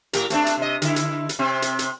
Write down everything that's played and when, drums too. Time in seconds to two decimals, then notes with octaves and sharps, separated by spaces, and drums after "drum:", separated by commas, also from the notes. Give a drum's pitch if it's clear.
0.13 A2 G4 A#4, drum: hi-hat
0.30 A3 C4 D4, drum: hi-hat
0.46 drum: hi-hat
0.58 C3 D#5
0.82 D3 E4, drum: hi-hat
0.96 drum: hi-hat
1.29 drum: hi-hat
1.39 C3 C4
1.62 drum: hi-hat
1.79 drum: hi-hat